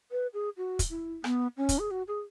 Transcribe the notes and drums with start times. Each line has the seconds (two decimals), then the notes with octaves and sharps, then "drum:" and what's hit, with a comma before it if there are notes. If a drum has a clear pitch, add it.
0.11 B4
0.34 G#4
0.57 F#4
0.79 drum: kick, hi-hat
0.90 E4
1.24 B3, drum: rim click
1.57 C#4
1.69 drum: kick, hi-hat
1.79 G#4
1.91 F#4
2.08 G#4